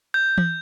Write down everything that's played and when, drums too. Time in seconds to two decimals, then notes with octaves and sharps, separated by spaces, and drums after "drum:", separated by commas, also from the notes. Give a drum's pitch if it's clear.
0.14 G6
0.38 drum: tom E3